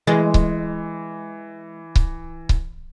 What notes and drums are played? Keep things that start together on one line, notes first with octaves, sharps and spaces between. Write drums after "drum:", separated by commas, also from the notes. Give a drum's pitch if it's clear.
E3 G#3
drum: kick C#1
drum: kick C#1
drum: kick C#1